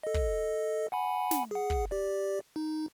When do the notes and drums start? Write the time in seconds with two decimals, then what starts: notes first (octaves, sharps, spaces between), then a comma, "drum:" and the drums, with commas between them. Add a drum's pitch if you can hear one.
0.03 A4 D#5
0.14 drum: kick
0.92 F#5 G#5 B5
1.31 drum: snare
1.51 G#4 F#5
1.70 drum: kick
1.91 G4 D5
2.56 D#4